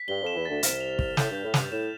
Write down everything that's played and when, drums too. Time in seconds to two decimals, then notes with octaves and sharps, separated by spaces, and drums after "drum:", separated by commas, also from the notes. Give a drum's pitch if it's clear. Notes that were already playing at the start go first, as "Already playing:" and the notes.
Already playing: B6
0.08 G2 G3 G7
0.22 F2 F3 E7
0.36 E2 E3
0.45 D2 D3 A6
0.63 C2 C3 F6, drum: hi-hat
0.81 F7
0.99 F7, drum: kick
1.17 A2 G6, drum: snare
1.30 G2 G6
1.44 A2
1.54 G2 F7, drum: snare
1.72 A2 E7